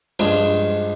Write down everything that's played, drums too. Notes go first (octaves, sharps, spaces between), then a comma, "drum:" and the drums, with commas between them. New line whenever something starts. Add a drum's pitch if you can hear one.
G2 F3 G#3 D4 F4, drum: cymbal